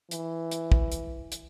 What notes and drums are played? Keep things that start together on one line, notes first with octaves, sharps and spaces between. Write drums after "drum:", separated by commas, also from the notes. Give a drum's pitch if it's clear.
E3, drum: hi-hat
drum: hi-hat
drum: kick
drum: hi-hat
drum: hi-hat